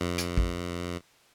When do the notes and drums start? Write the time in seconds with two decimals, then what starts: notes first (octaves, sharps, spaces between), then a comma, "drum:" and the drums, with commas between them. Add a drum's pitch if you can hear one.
0.01 F2
0.18 drum: hi-hat
0.37 drum: kick